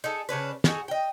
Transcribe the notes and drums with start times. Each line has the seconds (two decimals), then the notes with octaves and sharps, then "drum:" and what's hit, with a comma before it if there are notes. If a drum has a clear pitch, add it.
0.04 D#4 G#4 A4
0.29 C#3 C#4 D4 B4
0.64 D#4 F#4 G#4 A4, drum: snare
0.88 D#5 G5